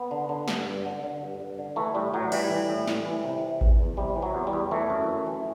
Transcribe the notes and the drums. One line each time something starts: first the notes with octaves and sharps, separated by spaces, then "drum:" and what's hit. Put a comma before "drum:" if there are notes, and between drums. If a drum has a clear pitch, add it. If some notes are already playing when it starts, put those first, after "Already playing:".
Already playing: B3
D3
D3
G2, drum: snare
G2
D3
D3
G2
G2
D3
E3 A3
A2 G3
A2 F#3
E3 G3, drum: cymbal
E3
A2
A2, drum: snare
E3
C3
E3
E2, drum: kick A1
E2
C3 G3
E3
F#3
E2
G3
E2
E3 A3
F#2
F#2
E3